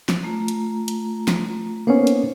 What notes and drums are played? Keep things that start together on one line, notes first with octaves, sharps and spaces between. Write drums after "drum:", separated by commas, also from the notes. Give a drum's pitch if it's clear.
drum: snare
A3 F4 A#5
drum: hi-hat
drum: hi-hat
drum: snare
A#3 B3 C#4 D#4 C5 C#5
drum: hi-hat